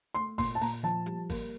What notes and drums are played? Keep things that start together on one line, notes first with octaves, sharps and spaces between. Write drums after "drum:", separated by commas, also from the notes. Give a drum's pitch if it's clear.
A3 C6, drum: hi-hat
A#2 C6, drum: kick, open hi-hat
A5
A#2 A#5, drum: open hi-hat
F3 A5
G3, drum: hi-hat
A#3, drum: kick, open hi-hat